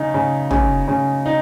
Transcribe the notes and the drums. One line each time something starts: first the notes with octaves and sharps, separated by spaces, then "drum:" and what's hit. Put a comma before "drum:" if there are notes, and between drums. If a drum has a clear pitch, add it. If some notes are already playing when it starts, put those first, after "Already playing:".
Already playing: C#3 D#4
C#3
C#3, drum: tom
C#3
D#4